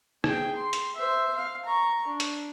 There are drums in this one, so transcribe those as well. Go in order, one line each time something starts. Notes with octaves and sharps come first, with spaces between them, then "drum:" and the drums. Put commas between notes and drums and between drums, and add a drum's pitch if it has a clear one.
G#4 G5, drum: rim click
C6
drum: hi-hat
C5 E5
F5
A#5 C#6
D4
drum: hi-hat